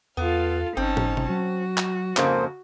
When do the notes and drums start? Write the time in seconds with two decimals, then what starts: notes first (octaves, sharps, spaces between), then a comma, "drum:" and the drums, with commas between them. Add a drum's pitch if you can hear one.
0.17 E2 B3 F4 A4 F5
0.77 G1 C4 C#4 D#4 A5
0.97 drum: tom
1.17 drum: tom B2
1.29 F#3 F#4
1.78 drum: clap
2.17 F2 G#2 C#3 A#3 C5, drum: clap